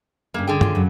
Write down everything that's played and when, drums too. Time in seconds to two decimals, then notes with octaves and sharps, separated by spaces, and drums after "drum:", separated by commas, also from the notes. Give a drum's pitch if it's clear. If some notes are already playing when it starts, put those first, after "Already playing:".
0.34 G2 C#3 A3 A#3
0.47 D3 G#4 G5
0.61 C#4 F4, drum: tom G2
0.75 F#2 C#3 F#3